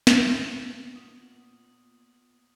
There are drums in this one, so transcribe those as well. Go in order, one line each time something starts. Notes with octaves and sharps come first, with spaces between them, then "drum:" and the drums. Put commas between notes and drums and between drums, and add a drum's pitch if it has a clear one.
drum: snare
A#2 B3 D#6